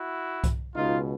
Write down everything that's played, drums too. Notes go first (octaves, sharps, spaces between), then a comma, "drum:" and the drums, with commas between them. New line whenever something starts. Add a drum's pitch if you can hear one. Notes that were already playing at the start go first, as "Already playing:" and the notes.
Already playing: E4 F#4
drum: kick C2, hi-hat
C#2 B2 D#4 F4